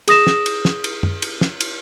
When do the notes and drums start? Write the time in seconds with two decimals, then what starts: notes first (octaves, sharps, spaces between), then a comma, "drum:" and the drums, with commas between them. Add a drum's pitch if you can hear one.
0.08 G#4 D#6 A#6 E7, drum: cymbal
0.27 drum: snare
0.46 drum: cymbal
0.65 drum: snare
0.84 drum: cymbal
1.03 drum: tom
1.22 drum: cymbal
1.41 drum: snare
1.60 drum: cymbal